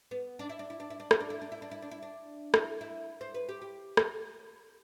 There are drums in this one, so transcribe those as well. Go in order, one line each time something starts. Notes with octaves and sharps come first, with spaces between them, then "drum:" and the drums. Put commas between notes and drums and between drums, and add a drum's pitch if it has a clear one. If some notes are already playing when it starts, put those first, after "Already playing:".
B3
D4
E4
D4
E4
D4
E4
D4
E4, drum: rim click
D4
E4
D4
E4
D4
E4
D4
E4
D4
E4, drum: rim click
E4
C5
B4
G4
G4
drum: rim click